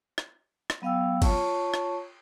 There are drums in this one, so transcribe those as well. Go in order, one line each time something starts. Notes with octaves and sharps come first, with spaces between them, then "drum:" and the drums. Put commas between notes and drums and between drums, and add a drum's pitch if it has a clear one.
drum: rim click
drum: rim click
F#3 B3 F5 G5 E6
F4 C#5 A5 C#6, drum: kick, cymbal
drum: rim click